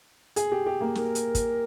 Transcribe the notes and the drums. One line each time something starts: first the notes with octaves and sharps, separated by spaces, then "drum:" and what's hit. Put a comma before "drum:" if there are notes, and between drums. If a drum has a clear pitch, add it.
G#4, drum: hi-hat
G4
G4
A#3
A#4, drum: snare
drum: hi-hat
drum: kick, hi-hat